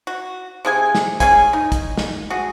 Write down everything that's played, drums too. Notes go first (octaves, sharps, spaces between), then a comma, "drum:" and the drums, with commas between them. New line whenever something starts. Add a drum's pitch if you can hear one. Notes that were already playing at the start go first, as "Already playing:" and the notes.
F#4
C3 G#4 G#5
drum: snare
C#4 G#4 G#5, drum: kick, hi-hat
D#4
drum: kick, hi-hat
drum: snare
F#4 G#4